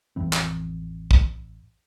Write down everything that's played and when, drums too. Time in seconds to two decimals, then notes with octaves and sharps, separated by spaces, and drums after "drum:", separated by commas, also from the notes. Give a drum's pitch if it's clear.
0.16 A1 F2 E3 C4
0.33 drum: clap
1.11 drum: kick